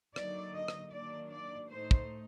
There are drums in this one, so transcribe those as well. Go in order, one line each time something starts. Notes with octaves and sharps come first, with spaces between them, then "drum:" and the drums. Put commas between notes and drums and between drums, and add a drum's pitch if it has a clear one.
D3 F#3 A#3 D#4 D5, drum: rim click
D#5
drum: rim click
D#3 F#3 A#3 D4 D5
D5
A2 A3 D#4 C5
drum: kick